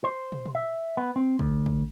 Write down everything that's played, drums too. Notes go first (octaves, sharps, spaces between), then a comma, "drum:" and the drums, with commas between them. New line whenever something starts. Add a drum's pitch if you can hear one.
C5
drum: tom
drum: tom
E5
B3
C4
D2, drum: kick
drum: kick